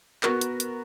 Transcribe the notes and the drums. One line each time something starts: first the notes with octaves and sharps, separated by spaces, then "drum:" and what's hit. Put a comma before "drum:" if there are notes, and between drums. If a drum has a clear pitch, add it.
B3 F#4 A#4, drum: clap
drum: hi-hat
drum: hi-hat